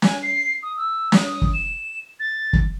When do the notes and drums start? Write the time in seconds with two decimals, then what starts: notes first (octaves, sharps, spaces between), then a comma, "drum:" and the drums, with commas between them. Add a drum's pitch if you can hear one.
0.02 G#5, drum: snare
0.22 C7
0.62 D#6
0.77 E6
1.12 D#6, drum: snare
1.42 drum: kick
1.53 E7
2.19 A6
2.53 drum: kick